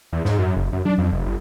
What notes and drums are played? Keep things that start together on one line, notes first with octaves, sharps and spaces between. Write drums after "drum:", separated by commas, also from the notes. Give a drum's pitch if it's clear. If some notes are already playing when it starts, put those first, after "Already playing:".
E2
G#2, drum: snare
F#2
F#1
F#2
D4, drum: tom F#3
F2
F1
G1